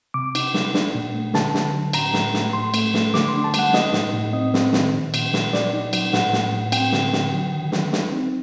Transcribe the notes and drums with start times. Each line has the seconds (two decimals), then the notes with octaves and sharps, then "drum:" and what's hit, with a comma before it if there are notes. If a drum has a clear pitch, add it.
0.14 C3 D6
0.35 D#4, drum: cymbal
0.54 G3, drum: snare
0.74 D4, drum: snare
0.95 A#2
1.14 A3
1.34 D3 A5, drum: snare
1.54 D3, drum: snare
1.74 F#3
1.93 A2 A#5, drum: cymbal
2.14 A2, drum: snare
2.34 A3, drum: snare
2.53 A2 C6
2.74 A3, drum: cymbal
2.94 A3, drum: snare
3.14 D3 D6, drum: snare
3.28 D4 C6
3.44 A5
3.54 G3, drum: cymbal
3.59 F#5
3.73 D#4 D#5, drum: snare
3.93 A2, drum: snare
4.14 A2
4.33 C4 D#5
4.54 C4, drum: snare
4.73 D#3, drum: snare
4.94 A#2
5.14 A#2, drum: cymbal
5.33 A#2, drum: snare
5.53 F#3 D5, drum: snare
5.73 D#4
5.93 F#3, drum: cymbal
6.13 A2 F#5, drum: snare
6.33 A2, drum: snare
6.53 A2
6.72 C4 G5, drum: cymbal
6.92 D3, drum: snare
7.13 D3, drum: snare
7.33 F#3
7.52 D#3
7.72 F#3, drum: snare
7.92 D#4, drum: snare
8.12 C4